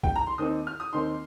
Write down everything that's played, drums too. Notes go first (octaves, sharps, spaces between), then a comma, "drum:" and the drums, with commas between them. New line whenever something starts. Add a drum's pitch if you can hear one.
G5, drum: kick
A#5
C6
D#2 D#3 C4 D#4 D#6
F6
D#6
D#2 D#3 C4 D#4 C6